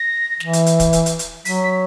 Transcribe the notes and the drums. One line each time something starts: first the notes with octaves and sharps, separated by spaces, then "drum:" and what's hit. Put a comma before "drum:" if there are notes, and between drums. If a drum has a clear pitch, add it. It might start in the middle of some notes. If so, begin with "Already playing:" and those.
Already playing: A#6
E3, drum: snare
drum: hi-hat
drum: hi-hat
drum: kick, hi-hat
drum: hi-hat
drum: hi-hat
drum: hi-hat
F#3 B6, drum: open hi-hat
B6